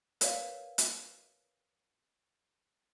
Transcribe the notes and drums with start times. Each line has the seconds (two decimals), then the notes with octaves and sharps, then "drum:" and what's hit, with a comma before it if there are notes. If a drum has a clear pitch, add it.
0.21 A#4 B4 C#5 D5 F5, drum: hi-hat
0.78 drum: hi-hat